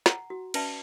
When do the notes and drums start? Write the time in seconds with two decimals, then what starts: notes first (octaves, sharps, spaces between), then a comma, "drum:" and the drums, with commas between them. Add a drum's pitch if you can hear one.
0.06 F#5 A#5, drum: snare
0.30 F#4
0.54 C#4 B4 D5 E5 A5, drum: cymbal